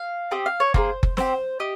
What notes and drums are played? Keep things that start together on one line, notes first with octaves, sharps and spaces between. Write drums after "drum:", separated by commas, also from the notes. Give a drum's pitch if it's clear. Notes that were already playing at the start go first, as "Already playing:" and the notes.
Already playing: F5
C4 G4 D#5
F5
C#5
A#3 D#4 G#4 C5, drum: kick F#1
drum: kick F#1
C4 G4 C5, drum: snare
G4 D#5